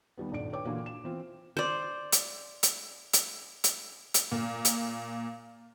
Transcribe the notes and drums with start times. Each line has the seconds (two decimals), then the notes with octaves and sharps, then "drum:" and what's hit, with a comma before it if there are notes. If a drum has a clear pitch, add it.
0.18 D#2 G3 B3
0.32 D#1 G#1 G2 D5 D7
0.53 B4 C#5 G5 D6
0.65 A#2 D3 E3 A#3 F#4
0.86 E7
1.04 E3 C4 F4
1.57 C5 D5
2.12 drum: hi-hat
2.63 drum: hi-hat
3.13 drum: hi-hat
3.64 drum: hi-hat
4.14 drum: hi-hat
4.32 A#2
4.65 drum: hi-hat